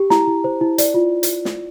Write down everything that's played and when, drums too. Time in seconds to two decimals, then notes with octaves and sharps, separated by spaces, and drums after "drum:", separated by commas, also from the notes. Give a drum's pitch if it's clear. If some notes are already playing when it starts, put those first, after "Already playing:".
Already playing: G4
0.10 E4 A#5, drum: snare
0.27 E4
0.44 C5
0.61 E4
0.78 D5, drum: hi-hat
0.94 F4
1.23 drum: hi-hat
1.45 drum: snare